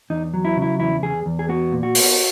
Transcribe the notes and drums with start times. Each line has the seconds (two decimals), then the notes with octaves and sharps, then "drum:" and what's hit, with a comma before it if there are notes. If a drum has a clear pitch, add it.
0.10 E2 D#4
0.34 F#3
0.45 E4
0.57 C#3
0.62 E4
0.79 E2 E4
1.03 E2 G#4
1.26 E2
1.39 G#4
1.49 B3 F#4
1.72 A#2
1.83 F#4
1.95 B3, drum: open hi-hat